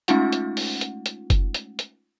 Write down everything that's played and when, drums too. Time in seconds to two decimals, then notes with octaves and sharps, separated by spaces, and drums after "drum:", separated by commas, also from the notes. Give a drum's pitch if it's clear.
0.08 G#3 A3 C#4 D#4 F4 F#5, drum: hi-hat
0.32 drum: hi-hat
0.57 drum: open hi-hat
0.81 drum: hi-hat
1.06 drum: hi-hat
1.30 drum: kick F#1, hi-hat
1.54 drum: hi-hat
1.79 drum: hi-hat